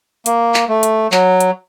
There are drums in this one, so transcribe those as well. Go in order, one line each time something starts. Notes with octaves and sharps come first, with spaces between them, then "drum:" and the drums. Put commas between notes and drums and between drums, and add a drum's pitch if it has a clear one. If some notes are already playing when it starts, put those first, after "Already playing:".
A#3, drum: hi-hat
drum: clap
A3
drum: hi-hat
F#3, drum: clap
drum: hi-hat